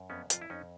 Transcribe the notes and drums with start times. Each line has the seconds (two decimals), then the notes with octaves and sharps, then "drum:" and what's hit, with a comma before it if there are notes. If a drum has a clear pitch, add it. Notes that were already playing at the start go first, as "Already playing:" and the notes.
Already playing: F#2
0.10 F2 B3 C#4
0.30 F2 F4, drum: hi-hat
0.42 E4
0.50 F2 C#4 D#4